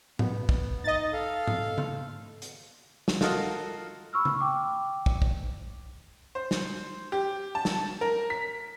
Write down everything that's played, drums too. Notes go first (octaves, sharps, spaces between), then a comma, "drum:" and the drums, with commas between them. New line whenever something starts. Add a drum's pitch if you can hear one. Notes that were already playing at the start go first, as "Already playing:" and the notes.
B3, drum: tom G#2
drum: kick
D#4 D#5 A6
A4 F5
drum: tom G#2
drum: tom C#3
drum: hi-hat
drum: snare
F4 F#4 A4 A#4 D#5 F5, drum: snare
B5 C#6 E6 F6
drum: tom C#3
G5 D6
drum: kick
drum: kick
C5
drum: snare
G4
A5
drum: snare
A#4
B6